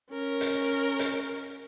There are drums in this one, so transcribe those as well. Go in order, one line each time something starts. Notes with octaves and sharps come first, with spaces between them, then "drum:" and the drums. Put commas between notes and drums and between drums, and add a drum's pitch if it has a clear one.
C#4 A#4
drum: hi-hat
drum: hi-hat